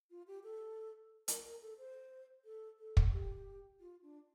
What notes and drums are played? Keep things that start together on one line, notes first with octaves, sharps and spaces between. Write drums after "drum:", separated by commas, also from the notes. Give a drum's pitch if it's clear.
F4
G4
A4
A#4, drum: hi-hat
A#4
A4
C5
A4
A4
drum: kick
G4
F4
D4